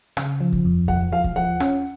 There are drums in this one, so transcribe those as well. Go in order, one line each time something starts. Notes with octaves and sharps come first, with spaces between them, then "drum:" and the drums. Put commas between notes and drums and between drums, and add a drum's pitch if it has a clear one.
C#3, drum: rim click
F3
drum: kick D#2
F2
F3 F#5, drum: kick D#2
F3 F5
drum: kick D#2
F3 F#5
C#4, drum: rim click